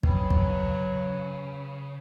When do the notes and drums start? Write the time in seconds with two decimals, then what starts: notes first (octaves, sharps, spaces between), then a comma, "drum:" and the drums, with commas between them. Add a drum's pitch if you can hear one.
0.03 C#3 F#3 B4 G5 B5, drum: kick
0.31 drum: kick